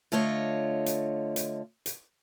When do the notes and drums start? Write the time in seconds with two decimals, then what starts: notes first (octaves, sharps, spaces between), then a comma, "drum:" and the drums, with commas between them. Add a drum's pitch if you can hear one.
0.12 D3 A3 F4 C#5 D#5
0.86 drum: hi-hat
1.36 drum: hi-hat
1.86 drum: hi-hat